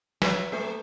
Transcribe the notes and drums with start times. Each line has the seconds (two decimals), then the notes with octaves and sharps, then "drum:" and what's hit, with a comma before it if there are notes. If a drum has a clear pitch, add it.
0.22 F3 F#3 B4 E5, drum: snare
0.52 A3 A#3